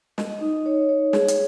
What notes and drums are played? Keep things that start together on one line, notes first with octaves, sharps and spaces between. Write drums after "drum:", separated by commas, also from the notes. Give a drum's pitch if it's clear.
D#5, drum: snare
D#4
C#5
C#5
G#4, drum: snare
drum: hi-hat